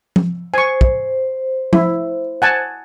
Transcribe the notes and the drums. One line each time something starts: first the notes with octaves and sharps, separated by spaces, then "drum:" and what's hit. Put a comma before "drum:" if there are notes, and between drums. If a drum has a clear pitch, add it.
drum: tom F3
C5 G#5 C#6
drum: kick
E4, drum: tom F3
F#5 G#5 A5